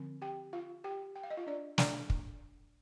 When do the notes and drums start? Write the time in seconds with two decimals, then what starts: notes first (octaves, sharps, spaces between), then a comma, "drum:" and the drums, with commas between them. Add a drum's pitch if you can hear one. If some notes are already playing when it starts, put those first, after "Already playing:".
Already playing: D3 F3 C4
0.22 G4 G5
0.53 F4 F5
0.84 G4 G5
1.16 G5
1.24 F5
1.30 D#5
1.37 F4 F5
1.47 D4 D5
1.78 D4 D5, drum: snare
2.10 drum: kick